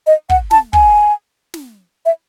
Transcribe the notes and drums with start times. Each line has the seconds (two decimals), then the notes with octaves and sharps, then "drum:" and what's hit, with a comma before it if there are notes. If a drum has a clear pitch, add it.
0.07 D#5
0.30 F#5, drum: kick
0.51 A5, drum: snare
0.73 G#5, drum: kick
1.54 drum: snare
2.05 E5